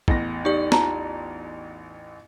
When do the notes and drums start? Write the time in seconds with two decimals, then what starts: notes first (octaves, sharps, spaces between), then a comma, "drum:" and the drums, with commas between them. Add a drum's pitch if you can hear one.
0.08 A1 E2 A#6, drum: kick
0.45 D#4 G4 A4 D5 G5
0.72 F4 A5 A#5, drum: snare